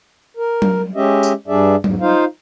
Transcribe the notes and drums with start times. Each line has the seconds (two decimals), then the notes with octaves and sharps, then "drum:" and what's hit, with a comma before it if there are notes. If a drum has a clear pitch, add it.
0.37 A#4
0.62 drum: tom F#3
0.95 G#3 C#4 G4 D#5 E5
1.23 drum: tambourine
1.48 G2 G3 D4 G#4 D5 E5
1.84 E2 G#2, drum: tom F#3
2.01 D#4 F4 C5 F5